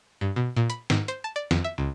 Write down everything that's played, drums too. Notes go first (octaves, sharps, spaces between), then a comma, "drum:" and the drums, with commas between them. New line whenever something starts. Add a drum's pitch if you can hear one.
G2
B2
A#2
B5, drum: hi-hat
G#2, drum: snare
C5, drum: hi-hat
A5
D5
F2, drum: snare
E5
C#2